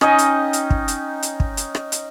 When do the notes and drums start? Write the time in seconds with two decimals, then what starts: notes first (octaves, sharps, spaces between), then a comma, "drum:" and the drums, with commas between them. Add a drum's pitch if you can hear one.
0.01 C#4 D#4 D#5 G5, drum: rim click
0.18 drum: hi-hat
0.53 drum: hi-hat
0.70 drum: kick
0.88 drum: hi-hat
1.23 drum: hi-hat
1.40 drum: kick
1.57 drum: hi-hat
1.75 drum: rim click
1.92 drum: hi-hat